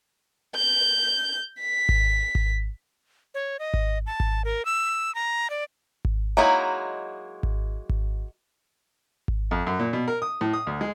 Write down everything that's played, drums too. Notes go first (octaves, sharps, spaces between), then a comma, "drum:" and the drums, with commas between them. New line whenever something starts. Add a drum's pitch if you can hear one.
G6
B6
drum: kick G#1
drum: kick G#1
C#5
D#5
drum: kick G#1
A5
drum: kick G#1
A#4
E6
A#5
D5
drum: kick G#1
F#3 G#3 A#3 D#4 E4
drum: kick G#1
drum: kick G#1
drum: kick G#1
F2
F#2
A#2
B2
A#4
D#6
A2
D#6
D2
G#3